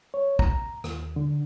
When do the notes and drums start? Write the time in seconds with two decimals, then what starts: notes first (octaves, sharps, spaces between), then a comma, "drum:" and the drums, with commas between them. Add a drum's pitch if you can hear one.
0.14 C#5
0.39 A#5, drum: kick
0.84 D#2, drum: rim click
1.16 D3